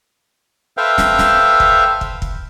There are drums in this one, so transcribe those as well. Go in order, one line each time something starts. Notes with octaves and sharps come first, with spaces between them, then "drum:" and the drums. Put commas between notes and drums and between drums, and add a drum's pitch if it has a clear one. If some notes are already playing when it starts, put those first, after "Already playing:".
A4 B4 C5 E5 F5 G5
drum: snare
drum: snare
drum: kick
drum: kick
drum: kick